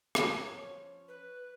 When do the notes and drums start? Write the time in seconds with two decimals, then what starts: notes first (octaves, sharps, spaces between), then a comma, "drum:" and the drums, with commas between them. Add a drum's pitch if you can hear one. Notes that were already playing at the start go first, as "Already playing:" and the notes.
0.15 F#2 A#4 G#5, drum: rim click
0.36 F3 C#4 C#5
1.08 B4